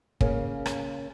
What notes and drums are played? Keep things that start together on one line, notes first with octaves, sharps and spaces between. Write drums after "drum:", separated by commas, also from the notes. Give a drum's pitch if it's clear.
C#3 A#3 C#4, drum: kick
drum: rim click